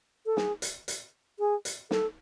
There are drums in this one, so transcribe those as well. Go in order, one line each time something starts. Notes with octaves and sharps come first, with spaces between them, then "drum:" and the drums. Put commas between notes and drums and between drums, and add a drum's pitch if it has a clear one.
A4
G#4, drum: snare
drum: hi-hat
drum: hi-hat
G#4
drum: hi-hat
A4, drum: snare